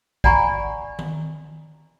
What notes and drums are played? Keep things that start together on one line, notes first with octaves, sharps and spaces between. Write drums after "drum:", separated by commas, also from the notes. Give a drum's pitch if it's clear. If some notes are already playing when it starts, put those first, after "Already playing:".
D5 F#5 G#5 A#5 B5 C#6, drum: kick
drum: tom D#3